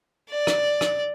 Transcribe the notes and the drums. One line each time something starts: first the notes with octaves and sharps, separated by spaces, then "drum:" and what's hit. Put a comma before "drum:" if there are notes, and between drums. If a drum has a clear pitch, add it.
D5
drum: rim click
drum: rim click